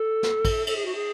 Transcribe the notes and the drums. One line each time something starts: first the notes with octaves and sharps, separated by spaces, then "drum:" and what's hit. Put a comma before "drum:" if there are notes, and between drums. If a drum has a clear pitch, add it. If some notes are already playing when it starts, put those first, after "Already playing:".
Already playing: A4
drum: snare
drum: kick, cymbal
A4, drum: cymbal
G#4
F#4
G#4